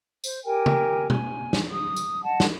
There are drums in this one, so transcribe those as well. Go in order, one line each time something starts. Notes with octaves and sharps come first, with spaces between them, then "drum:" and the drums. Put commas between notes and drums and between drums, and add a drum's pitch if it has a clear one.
C5, drum: tambourine
G4 A#4 G5 G#5
drum: tom C#3
G#5, drum: tom B2
drum: snare
D#6
drum: tambourine
D#5 F#5 A5
drum: snare